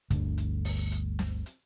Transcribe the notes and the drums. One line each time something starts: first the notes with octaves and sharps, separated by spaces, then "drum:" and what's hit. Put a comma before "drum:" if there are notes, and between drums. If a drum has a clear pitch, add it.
G1 D2 D3, drum: kick, hi-hat
drum: hi-hat
drum: open hi-hat
drum: hi-hat
drum: snare
drum: hi-hat